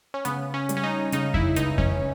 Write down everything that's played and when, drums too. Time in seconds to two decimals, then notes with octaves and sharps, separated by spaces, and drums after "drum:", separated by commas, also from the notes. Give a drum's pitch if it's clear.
0.14 C#4
0.25 C#3 B3, drum: hi-hat
0.54 C#4
0.69 G3, drum: hi-hat
0.77 C#4
0.83 D#4
1.12 C#3 D#4, drum: hi-hat
1.34 E4, drum: kick F2
1.56 C#2 D#4, drum: hi-hat
1.78 C#4, drum: kick F2